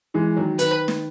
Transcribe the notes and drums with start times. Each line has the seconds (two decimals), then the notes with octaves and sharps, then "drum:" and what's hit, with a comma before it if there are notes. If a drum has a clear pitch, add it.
0.14 E3 G#3
0.37 D#3 F#3
0.59 D#3 B4, drum: hi-hat
0.88 drum: snare